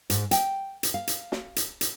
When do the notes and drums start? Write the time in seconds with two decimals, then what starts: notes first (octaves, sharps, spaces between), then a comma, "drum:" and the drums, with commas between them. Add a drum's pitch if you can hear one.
0.10 G#2, drum: hi-hat
0.31 G5, drum: hi-hat
0.83 drum: hi-hat
0.94 F5
1.07 drum: hi-hat
1.32 drum: snare
1.56 drum: hi-hat
1.81 drum: hi-hat